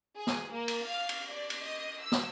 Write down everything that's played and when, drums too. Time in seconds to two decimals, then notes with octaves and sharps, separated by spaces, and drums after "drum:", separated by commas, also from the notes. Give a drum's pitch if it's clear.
0.15 G#4
0.27 drum: snare
0.51 A#3
0.68 drum: cymbal
0.84 F5
1.09 drum: cymbal
1.29 D5
1.50 drum: cymbal
1.63 D#5
2.00 E6
2.12 drum: snare